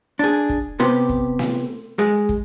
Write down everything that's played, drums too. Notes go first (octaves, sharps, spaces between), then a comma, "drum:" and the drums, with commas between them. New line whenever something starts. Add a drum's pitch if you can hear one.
D4 G#4
drum: kick
C3 B3 G4
drum: kick
drum: snare
G#3
drum: kick